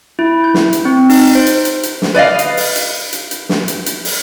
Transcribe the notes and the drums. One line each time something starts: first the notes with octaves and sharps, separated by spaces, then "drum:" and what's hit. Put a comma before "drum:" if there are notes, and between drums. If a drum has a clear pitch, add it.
E4
G6
drum: snare
drum: hi-hat
C4
D#4, drum: open hi-hat
C5
drum: hi-hat
drum: hi-hat
drum: hi-hat
drum: snare
B4 D5 D#5 F5
drum: hi-hat
drum: open hi-hat
drum: hi-hat
drum: hi-hat
drum: hi-hat
drum: snare
drum: hi-hat
drum: hi-hat
drum: open hi-hat